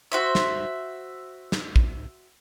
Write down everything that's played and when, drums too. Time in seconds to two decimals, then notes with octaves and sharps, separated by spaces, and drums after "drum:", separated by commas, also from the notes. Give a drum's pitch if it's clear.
0.12 F#4 C5 E5
0.35 drum: snare
1.52 drum: snare
1.76 drum: kick